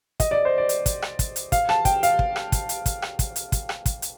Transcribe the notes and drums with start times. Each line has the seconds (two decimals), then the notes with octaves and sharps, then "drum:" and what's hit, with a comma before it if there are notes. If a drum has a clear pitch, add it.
0.20 D#5, drum: kick, hi-hat
0.31 D5
0.45 C5
0.58 D5
0.69 drum: hi-hat
0.86 drum: kick, hi-hat
1.02 drum: rim click
1.19 drum: kick, hi-hat
1.36 drum: hi-hat
1.52 F5, drum: kick, hi-hat
1.69 A5, drum: rim click
1.85 G5, drum: kick, hi-hat
2.03 F5, drum: hi-hat
2.19 drum: kick
2.36 drum: rim click
2.52 drum: kick, hi-hat
2.69 drum: hi-hat
2.86 drum: kick, hi-hat
3.02 drum: rim click
3.19 drum: kick, hi-hat
3.36 drum: hi-hat
3.52 drum: kick, hi-hat
3.69 drum: rim click
3.86 drum: kick, hi-hat
4.02 drum: hi-hat